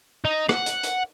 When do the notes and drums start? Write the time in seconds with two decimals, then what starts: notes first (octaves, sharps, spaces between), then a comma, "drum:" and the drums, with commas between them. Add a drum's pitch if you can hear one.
0.25 D#4
0.49 F#5, drum: rim click
0.66 drum: hi-hat
0.83 drum: hi-hat